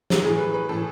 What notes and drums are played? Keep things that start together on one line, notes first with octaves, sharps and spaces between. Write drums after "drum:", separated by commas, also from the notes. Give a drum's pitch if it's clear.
drum: snare
A2 E3 G#4
B4
B4
A2 E3 A4